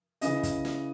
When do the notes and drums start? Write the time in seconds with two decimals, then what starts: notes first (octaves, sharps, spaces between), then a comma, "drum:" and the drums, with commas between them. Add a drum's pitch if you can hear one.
0.21 C#3 E3 D#5, drum: hi-hat
0.43 drum: kick, hi-hat
0.65 drum: snare